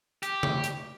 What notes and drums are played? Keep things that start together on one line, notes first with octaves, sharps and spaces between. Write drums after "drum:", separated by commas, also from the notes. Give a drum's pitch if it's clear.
G4, drum: hi-hat
drum: tom C3
drum: hi-hat